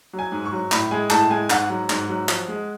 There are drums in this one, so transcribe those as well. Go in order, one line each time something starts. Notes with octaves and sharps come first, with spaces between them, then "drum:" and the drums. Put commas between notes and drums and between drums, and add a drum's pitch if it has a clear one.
F#3
G#5
G#2
C#6
F#3
A2 B5, drum: clap
G#3 G#5
A2 A5, drum: clap
G#3 G#5
G#2 F#5, drum: clap
F#3
G#2, drum: clap
F#3
F3, drum: clap
G#3